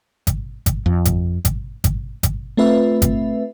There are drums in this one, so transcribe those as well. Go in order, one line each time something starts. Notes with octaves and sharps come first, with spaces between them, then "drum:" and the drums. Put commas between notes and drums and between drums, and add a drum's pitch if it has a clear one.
drum: kick G#1, hi-hat
drum: kick G#1, hi-hat
F2
drum: kick G#1, hi-hat
drum: kick G#1, hi-hat
drum: kick G#1, hi-hat
drum: kick G#1, hi-hat
A3 C4 F4 B4 E5
drum: kick G#1, hi-hat